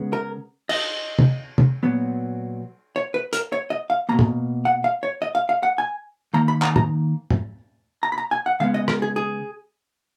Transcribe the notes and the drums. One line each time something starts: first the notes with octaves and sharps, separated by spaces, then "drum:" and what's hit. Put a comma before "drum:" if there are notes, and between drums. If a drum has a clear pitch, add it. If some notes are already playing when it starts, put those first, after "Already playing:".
Already playing: C#3 G#3 B3
A#4
D#5, drum: cymbal
drum: tom
drum: tom
A#2 F#3 B3
C#5
B4
A#4, drum: hi-hat
C#5
D#5
F5
B2 A#3 A#5
drum: tom
F#5
F5
C#5
D#5
F5
F5
F#5
G#5
D#3 A#3 A#5
B5
A#5, drum: clap
A#5, drum: tom
drum: tom
A#5
B5
A#5
G#5
F#5
C#3 G#3 B3 F5
D#5
A#4, drum: rim click
G#4
G#4